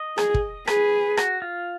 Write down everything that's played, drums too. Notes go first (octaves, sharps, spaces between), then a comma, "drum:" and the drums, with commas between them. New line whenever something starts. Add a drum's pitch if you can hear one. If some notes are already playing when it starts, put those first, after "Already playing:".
Already playing: D#5
G#4, drum: rim click
drum: kick
G#4 B4, drum: rim click
F#4, drum: rim click
F4